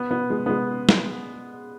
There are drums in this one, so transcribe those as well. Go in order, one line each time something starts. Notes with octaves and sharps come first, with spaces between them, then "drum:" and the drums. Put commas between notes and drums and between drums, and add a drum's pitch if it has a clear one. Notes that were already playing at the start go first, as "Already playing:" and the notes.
Already playing: B3
B3
G#3
B3
G#3
drum: snare